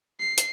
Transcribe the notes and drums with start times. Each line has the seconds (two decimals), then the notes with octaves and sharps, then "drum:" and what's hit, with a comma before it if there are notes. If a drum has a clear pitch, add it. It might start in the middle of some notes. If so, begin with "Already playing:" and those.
0.20 C7
0.38 drum: hi-hat